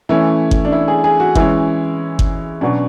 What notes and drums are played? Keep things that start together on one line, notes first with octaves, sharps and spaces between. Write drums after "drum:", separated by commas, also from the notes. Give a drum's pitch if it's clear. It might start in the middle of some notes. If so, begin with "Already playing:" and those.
E3 A3 C#4 E4
drum: kick G1
D4
E4
G#4
G#4
F#4
E3 G#3 C#4 E4, drum: kick G1
drum: kick G1
B2 F#3 C#4 D4